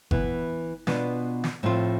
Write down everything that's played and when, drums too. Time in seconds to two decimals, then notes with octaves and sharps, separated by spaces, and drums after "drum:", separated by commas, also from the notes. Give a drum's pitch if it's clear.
0.11 E3 B3 E4, drum: kick G1
0.87 B2 B3 D4 F4, drum: snare
1.44 drum: snare
1.63 A2 F3 C4 F4